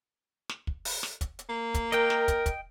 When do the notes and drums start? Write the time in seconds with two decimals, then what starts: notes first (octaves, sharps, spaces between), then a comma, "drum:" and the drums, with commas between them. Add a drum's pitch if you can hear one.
0.49 drum: snare
0.67 drum: kick
0.85 drum: open hi-hat
1.03 drum: snare
1.21 drum: kick, hi-hat
1.39 drum: hi-hat
1.49 A#3
1.74 drum: kick, hi-hat
1.92 A#4 D#5 G5, drum: hi-hat
2.10 drum: snare
2.28 drum: kick, hi-hat
2.46 drum: kick, hi-hat